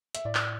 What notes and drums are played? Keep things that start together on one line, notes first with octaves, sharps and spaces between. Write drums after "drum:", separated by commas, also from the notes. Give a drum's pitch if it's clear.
E5, drum: hi-hat
A2 D5
drum: clap